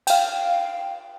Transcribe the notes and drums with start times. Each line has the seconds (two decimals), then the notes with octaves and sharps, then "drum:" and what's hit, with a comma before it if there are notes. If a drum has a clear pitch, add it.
0.07 F5 G5, drum: cymbal